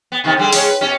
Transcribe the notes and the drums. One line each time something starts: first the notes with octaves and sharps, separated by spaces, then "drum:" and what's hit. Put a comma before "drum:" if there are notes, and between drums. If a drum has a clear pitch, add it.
B3
C3 D#3 B3
D3 G3 G#4
C#3 G#3 C#5, drum: open hi-hat
B4
B2 C#4 G4